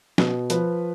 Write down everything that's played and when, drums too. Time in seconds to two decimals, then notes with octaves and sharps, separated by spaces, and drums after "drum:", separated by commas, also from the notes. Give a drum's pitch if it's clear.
0.18 B2, drum: snare
0.50 F3 B4, drum: hi-hat